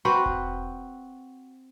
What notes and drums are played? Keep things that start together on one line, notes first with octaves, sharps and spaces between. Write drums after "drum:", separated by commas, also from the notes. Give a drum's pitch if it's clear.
C4 F#4 B4 C5
drum: kick E1